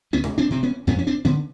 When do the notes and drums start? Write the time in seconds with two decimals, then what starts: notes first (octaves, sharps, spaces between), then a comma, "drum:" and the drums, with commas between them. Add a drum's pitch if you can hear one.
0.13 D2 B3 C#4
0.24 drum: tom B2
0.38 C4 D4
0.50 C3 C4
0.63 B3 C#4
0.87 F2 B3 C#4
0.99 C#4
1.07 C4 D4
1.25 D3 B3 C#4